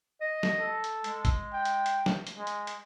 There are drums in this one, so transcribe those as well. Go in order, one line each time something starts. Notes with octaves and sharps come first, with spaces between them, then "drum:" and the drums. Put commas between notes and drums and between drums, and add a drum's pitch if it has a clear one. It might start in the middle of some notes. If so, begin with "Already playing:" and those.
D#5
drum: snare
A4
drum: hi-hat
G#3, drum: hi-hat
drum: kick, hi-hat
G5
drum: hi-hat
drum: hi-hat
drum: snare
drum: hi-hat
G#3
drum: hi-hat
drum: hi-hat